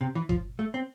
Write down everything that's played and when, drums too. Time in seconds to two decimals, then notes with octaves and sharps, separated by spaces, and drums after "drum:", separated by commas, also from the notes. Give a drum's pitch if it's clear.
0.01 C3
0.15 E3
0.29 F3, drum: kick G1
0.59 A3
0.74 C4